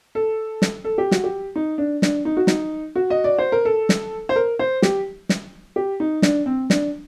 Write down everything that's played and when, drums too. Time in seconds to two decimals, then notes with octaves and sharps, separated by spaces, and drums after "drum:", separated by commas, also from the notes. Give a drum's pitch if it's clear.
0.15 A4
0.62 drum: snare
0.84 A4
0.98 G4
1.11 F#4, drum: snare
1.24 G4
1.56 D#4
1.78 D4
2.02 D4, drum: snare
2.25 D#4
2.37 F#4
2.47 D#4, drum: snare
2.96 F#4
3.10 D#5
3.24 D5
3.39 C5
3.52 A#4
3.65 A4
3.89 drum: snare
4.29 C5
4.36 A#4
4.59 C5
4.82 G4, drum: snare
5.29 drum: snare
5.76 G4
6.00 D#4
6.22 D4, drum: snare
6.46 C4
6.70 D4, drum: snare